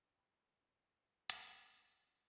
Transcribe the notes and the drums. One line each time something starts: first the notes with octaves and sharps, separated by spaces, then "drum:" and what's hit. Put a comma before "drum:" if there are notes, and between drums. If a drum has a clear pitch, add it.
D2 G#3 G5 B5
drum: hi-hat